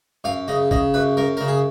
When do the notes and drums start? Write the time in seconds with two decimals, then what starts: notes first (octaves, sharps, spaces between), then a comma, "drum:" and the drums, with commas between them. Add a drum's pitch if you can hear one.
0.24 F#2 F5
0.48 C#3 D#5
0.71 C#3 D#5, drum: kick A1
0.94 F#2 B4
1.17 F#2 A#4
1.37 C#3 A#4
1.48 G#4